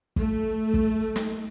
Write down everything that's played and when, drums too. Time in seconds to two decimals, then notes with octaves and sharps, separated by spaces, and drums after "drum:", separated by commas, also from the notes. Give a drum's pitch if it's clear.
0.16 A3, drum: kick
0.74 drum: kick
1.16 drum: snare